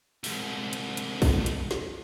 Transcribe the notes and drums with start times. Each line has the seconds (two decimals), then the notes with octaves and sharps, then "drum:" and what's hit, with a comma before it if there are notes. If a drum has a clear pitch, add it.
0.24 C2 G#2, drum: open hi-hat
0.73 drum: hi-hat
0.97 drum: hi-hat
1.22 drum: kick, open hi-hat
1.46 drum: hi-hat
1.71 drum: snare